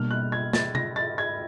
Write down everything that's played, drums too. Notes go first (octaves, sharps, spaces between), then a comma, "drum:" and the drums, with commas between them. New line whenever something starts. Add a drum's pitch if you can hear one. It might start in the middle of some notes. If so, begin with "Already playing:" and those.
Already playing: B2 G3 A#3 D4 F6
F#6
G#6
A6, drum: snare
A#6, drum: tom
A6
G#6